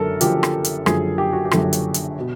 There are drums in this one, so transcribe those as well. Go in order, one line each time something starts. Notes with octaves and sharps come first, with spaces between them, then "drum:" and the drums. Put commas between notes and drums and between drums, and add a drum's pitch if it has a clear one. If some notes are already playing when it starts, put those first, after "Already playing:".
Already playing: F#1 F#2 D3 A4 A#4
F#1 F#2 D3 F3 G4, drum: hi-hat
drum: rim click
drum: hi-hat
F#1 F#2 D3 F3 G#4, drum: rim click
G4
F#4
G4
F#1 F#2 D3 F3, drum: rim click
drum: hi-hat
drum: hi-hat
B2